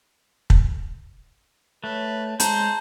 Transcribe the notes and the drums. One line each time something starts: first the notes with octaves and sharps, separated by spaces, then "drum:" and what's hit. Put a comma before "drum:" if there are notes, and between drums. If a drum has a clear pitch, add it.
drum: kick
A3 B4 C#5
G#3 C5 A5 A#5 G6, drum: hi-hat